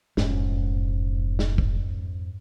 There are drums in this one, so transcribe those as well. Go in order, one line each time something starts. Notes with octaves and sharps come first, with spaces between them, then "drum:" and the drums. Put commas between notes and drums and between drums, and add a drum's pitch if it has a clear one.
E1 F2 G#2 C#4, drum: snare
drum: snare
drum: kick